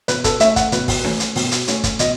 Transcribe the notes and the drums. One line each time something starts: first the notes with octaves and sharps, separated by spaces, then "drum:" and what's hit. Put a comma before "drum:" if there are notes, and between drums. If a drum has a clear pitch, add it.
B2 B4, drum: hi-hat
A4, drum: kick, hi-hat
A3 C#4 E5, drum: hi-hat
F#5, drum: kick, hi-hat
B2 B4, drum: hi-hat
drum: kick, open hi-hat
A3 C#4, drum: snare
drum: hi-hat
B2, drum: open hi-hat
drum: hi-hat
A3 C#4, drum: hi-hat
drum: kick, hi-hat
B2 D#5, drum: hi-hat